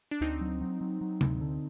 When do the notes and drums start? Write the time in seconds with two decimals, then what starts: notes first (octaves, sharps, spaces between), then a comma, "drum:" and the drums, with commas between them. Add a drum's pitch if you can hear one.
0.11 D4
0.21 D2 C4 D#4
0.41 F#3
0.61 F#3
0.81 F#3
1.01 F#3
1.21 D2, drum: tom C3
1.41 D3